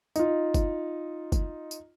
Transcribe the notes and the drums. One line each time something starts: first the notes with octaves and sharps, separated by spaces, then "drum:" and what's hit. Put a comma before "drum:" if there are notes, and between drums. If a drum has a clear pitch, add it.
D#4 F4, drum: tambourine
drum: kick, tambourine
drum: kick, tambourine
drum: tambourine